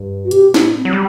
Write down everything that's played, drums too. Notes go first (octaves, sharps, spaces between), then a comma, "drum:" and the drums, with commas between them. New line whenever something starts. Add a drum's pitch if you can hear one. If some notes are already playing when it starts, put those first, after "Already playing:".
Already playing: G2
F#4
B2 G4, drum: hi-hat
E4, drum: snare
A2
C4
F#3
G3